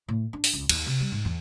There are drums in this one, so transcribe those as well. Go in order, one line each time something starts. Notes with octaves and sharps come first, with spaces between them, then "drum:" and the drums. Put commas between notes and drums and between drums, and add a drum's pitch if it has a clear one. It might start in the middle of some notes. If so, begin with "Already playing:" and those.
A2
D4
drum: open hi-hat
C#2
D#2, drum: cymbal
C3
G3
G#2
E2